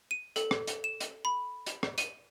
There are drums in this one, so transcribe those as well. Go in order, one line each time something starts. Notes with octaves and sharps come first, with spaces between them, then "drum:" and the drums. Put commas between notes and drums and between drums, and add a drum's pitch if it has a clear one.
D#7
A4, drum: hi-hat
drum: rim click
drum: hi-hat
E7
drum: hi-hat
B5
drum: hi-hat
drum: rim click
D#7, drum: hi-hat